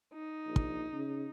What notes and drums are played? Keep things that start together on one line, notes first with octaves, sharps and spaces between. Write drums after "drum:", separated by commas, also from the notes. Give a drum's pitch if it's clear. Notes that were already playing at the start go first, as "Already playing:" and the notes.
D#4
A#1
drum: kick
C#3